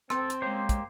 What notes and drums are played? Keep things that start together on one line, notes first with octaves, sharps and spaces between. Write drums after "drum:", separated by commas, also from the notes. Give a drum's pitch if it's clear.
C4 A4 C6, drum: rim click
drum: hi-hat
G#3 A#3 G4 C5 C#5
drum: kick, hi-hat